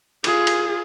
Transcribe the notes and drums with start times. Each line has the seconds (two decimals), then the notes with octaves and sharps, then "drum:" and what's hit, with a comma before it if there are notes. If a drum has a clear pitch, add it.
0.24 F4 G#4, drum: cymbal
0.47 drum: cymbal